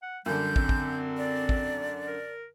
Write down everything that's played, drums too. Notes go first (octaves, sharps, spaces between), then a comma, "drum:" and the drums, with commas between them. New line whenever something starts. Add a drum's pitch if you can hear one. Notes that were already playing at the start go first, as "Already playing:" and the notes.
F#5
F#2 D3 G3 G6
C4, drum: kick
drum: kick
D5
drum: kick
A#4